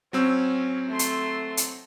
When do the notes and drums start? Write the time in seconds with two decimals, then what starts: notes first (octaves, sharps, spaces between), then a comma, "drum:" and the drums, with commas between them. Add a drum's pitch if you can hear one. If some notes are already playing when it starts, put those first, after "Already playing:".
0.13 F#3 C4 C#4 E6
0.88 A3 C6
0.99 drum: hi-hat
1.57 drum: hi-hat